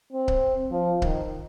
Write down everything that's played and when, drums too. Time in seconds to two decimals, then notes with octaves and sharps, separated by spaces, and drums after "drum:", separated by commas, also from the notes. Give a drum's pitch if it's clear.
0.13 C4
0.28 drum: kick C#1
0.71 F3
1.02 D#3, drum: kick C#1